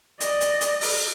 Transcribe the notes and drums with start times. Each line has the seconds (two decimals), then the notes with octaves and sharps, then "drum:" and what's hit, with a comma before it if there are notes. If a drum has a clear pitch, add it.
0.20 D5 D#5, drum: hi-hat
0.41 drum: hi-hat
0.61 drum: hi-hat
0.81 drum: open hi-hat